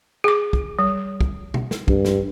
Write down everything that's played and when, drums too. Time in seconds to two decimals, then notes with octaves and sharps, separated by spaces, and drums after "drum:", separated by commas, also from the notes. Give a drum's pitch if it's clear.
0.24 G#4 D6
0.53 drum: kick
0.79 G3
1.21 drum: kick
1.54 drum: tom B2
1.71 drum: snare
1.88 G2, drum: kick
2.05 drum: snare